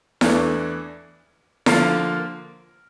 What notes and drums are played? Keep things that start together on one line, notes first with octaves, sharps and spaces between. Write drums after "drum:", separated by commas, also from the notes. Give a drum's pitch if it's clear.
E2 E3 A3 D4, drum: snare E4
D3 F3 A#3 F4, drum: snare E4